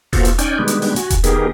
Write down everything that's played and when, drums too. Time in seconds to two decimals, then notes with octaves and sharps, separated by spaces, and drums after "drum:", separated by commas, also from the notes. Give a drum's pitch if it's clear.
0.13 A#3 B3 F4 F#4 A4 C5, drum: kick E1, open hi-hat
0.25 drum: hi-hat
0.39 C#4 D#4 D5 G5 G#5, drum: hi-hat
0.59 B2 D#3 G3 G#3 B3 D4
0.68 drum: hi-hat
0.82 drum: open hi-hat
0.96 F#4 G#5, drum: hi-hat
1.10 drum: kick E1, hi-hat
1.24 D#3 B3 G4 G#4 A#4, drum: hi-hat